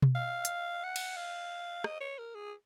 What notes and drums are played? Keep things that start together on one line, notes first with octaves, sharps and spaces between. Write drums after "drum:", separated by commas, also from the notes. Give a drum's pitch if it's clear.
drum: tom B2
F5
drum: hi-hat
F#5
drum: cymbal
F5
D#5, drum: rim click
C#5
A#4
G#4